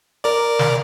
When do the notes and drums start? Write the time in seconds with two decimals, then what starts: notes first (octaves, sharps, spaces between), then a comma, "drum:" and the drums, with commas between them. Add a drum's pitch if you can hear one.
0.24 A#4 D5
0.59 drum: snare